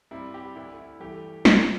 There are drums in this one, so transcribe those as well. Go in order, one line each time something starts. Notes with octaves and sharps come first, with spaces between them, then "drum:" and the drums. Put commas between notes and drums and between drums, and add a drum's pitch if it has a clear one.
G2 G3 C4 E4
G4
D2 D3 A3 E4
E4
G2 E3 A3 G4
C2 C3 G3 C4 C5, drum: snare